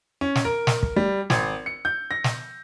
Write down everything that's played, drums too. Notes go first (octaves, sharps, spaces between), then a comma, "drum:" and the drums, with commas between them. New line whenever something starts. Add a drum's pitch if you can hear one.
C#4
drum: snare
A#4
drum: snare
drum: kick
G3
G#1, drum: snare
C#7
G6
A#6
drum: snare